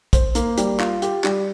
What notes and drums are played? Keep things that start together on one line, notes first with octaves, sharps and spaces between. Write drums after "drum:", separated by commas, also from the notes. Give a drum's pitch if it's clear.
C5, drum: kick, hi-hat
A#3, drum: hi-hat
G3, drum: hi-hat
F4, drum: clap
G4, drum: hi-hat
G3, drum: clap